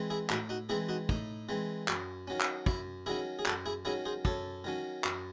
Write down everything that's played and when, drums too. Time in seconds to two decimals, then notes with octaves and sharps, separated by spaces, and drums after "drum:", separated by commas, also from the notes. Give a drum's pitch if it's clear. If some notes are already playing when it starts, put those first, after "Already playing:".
Already playing: E3 G#3 C4
0.10 E4 G#4
0.30 A2 D#4 F#4, drum: clap
0.49 D#4 F#4
0.69 E3 G#3 C4 E4 G#4
0.89 D#4 F#4
1.09 A2 D#4, drum: kick
1.49 E3 G#3 C4
1.88 F#2, drum: clap
2.28 D#3 F#3 C#4
2.41 drum: clap
2.66 F#2 E4, drum: kick
3.06 D#3 F#3 C#4 E4 G#4
3.39 G#4
3.46 F#2 F#4 A4, drum: clap
3.66 E4 G#4
3.85 D#3 F#3 C#4 E4 G#4
4.05 G#4 C5
4.25 F#2 A4 C#5, drum: kick
4.64 D#3 F#3 C#4
5.04 F#2, drum: clap